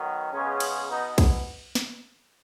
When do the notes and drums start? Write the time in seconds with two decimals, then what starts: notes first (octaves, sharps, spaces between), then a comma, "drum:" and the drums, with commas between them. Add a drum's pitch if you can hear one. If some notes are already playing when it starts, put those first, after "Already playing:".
Already playing: D#3 F#3 B3
0.31 C#3 G#3 B3 C#4
0.60 drum: cymbal
0.89 B2 B3 D#4
1.18 drum: kick B1, cymbal
1.75 drum: snare